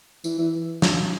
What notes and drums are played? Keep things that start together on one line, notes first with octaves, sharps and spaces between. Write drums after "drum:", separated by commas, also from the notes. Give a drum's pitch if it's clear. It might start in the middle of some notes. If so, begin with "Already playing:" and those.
E3, drum: tambourine
E3
drum: snare